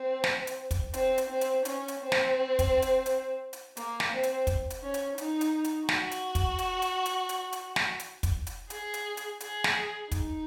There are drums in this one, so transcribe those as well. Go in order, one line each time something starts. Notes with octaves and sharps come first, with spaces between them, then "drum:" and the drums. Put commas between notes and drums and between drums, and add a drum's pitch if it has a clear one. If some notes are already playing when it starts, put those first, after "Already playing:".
Already playing: C4
drum: snare
drum: hi-hat
drum: kick, hi-hat
C4, drum: hi-hat
drum: hi-hat
C4
drum: hi-hat
C#4, drum: hi-hat
drum: hi-hat
C4
drum: snare
drum: kick, hi-hat
drum: hi-hat
drum: hi-hat
drum: hi-hat
A#3, drum: hi-hat
drum: snare
C4
drum: hi-hat
drum: kick, hi-hat
drum: hi-hat
C#4
drum: hi-hat
D#4, drum: hi-hat
drum: hi-hat
drum: hi-hat
F#4, drum: snare
drum: hi-hat
drum: kick, hi-hat
drum: hi-hat
drum: hi-hat
drum: hi-hat
drum: hi-hat
drum: hi-hat
drum: snare
drum: hi-hat
drum: kick, hi-hat
drum: hi-hat
G#4, drum: hi-hat
drum: hi-hat
drum: hi-hat
G#4, drum: hi-hat
drum: snare
D#4, drum: kick, hi-hat